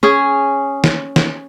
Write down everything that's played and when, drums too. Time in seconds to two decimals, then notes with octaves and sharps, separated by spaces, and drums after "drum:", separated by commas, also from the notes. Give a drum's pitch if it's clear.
0.03 C#4 G#4
0.84 drum: snare
1.16 drum: snare